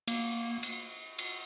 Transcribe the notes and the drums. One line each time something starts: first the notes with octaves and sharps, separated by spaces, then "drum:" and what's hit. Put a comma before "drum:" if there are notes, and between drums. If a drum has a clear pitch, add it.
A#3, drum: cymbal
drum: cymbal
drum: cymbal